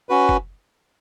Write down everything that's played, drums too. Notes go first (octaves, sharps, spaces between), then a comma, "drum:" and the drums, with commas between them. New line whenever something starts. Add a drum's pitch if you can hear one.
C#4 F#4 B4
drum: kick